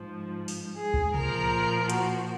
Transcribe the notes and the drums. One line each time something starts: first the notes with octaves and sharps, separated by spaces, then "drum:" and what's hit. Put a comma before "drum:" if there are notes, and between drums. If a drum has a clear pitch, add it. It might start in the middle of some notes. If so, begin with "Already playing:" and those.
Already playing: G#2 F3
drum: open hi-hat
G#4
drum: kick
A#2 F3 A#4, drum: tom C3
F#4, drum: hi-hat